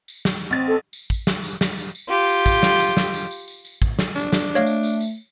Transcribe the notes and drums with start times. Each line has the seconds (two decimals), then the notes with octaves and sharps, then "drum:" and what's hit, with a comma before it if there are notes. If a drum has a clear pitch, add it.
0.08 drum: tambourine
0.25 drum: snare
0.50 A1 C4 A6
0.68 A4
0.93 drum: tambourine
1.10 drum: kick, tambourine
1.27 drum: snare
1.44 drum: tambourine
1.61 drum: snare
1.78 drum: tambourine
1.95 drum: tambourine
2.08 F4 G4
2.29 drum: tambourine
2.46 drum: kick, tambourine
2.63 drum: snare
2.80 drum: tambourine
2.97 drum: snare
3.14 drum: tambourine
3.31 drum: tambourine
3.48 drum: tambourine
3.65 drum: tambourine
3.82 drum: kick
3.99 drum: snare
4.16 D4, drum: tambourine
4.33 drum: snare
4.55 A3 C#5 D#5 F5
4.67 drum: tambourine
4.83 drum: tambourine
5.00 drum: tambourine